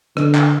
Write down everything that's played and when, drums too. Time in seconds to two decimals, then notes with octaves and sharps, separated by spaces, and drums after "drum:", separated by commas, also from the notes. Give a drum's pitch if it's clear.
0.17 D3, drum: rim click
0.35 drum: clap